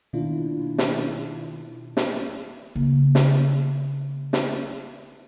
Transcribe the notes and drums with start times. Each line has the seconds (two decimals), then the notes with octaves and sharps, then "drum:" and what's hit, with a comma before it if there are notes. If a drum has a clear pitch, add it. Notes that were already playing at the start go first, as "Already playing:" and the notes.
0.13 B2 D#3 A#3 D4 E4 F4
0.78 drum: snare
1.97 drum: snare
2.75 C#3 A#3
3.15 drum: snare
4.33 drum: snare